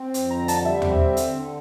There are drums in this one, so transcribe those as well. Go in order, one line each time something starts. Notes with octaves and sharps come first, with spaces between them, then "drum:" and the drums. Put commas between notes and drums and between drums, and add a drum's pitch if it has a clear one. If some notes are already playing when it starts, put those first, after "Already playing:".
Already playing: C4
F2, drum: hi-hat
A#5
D3
A5, drum: hi-hat
G3
E5
C4, drum: tom
D3
drum: hi-hat
D3